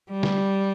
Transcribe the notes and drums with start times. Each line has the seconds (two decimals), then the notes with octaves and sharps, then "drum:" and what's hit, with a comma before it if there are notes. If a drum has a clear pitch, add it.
0.11 G3
0.23 drum: snare